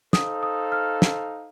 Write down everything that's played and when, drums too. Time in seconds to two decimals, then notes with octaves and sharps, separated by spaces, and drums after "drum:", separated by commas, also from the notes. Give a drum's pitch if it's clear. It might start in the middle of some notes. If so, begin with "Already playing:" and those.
0.13 D#4 A4 C5 F5 D#6, drum: snare
0.43 D#6
0.72 F6
1.02 drum: snare